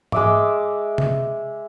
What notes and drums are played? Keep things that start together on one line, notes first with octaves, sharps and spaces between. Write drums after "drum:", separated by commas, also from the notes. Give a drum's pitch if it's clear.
G#3 E5 D6, drum: tom G#2
drum: tom C3